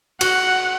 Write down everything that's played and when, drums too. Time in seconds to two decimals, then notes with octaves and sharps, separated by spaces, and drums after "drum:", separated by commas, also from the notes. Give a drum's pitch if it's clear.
0.21 F#4 F#5, drum: cymbal